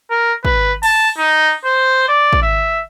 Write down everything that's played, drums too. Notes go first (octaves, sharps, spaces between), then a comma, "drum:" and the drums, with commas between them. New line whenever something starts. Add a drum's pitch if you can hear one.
A#4
B4, drum: kick
A5, drum: cymbal
D#4
C5
D5
drum: kick
E5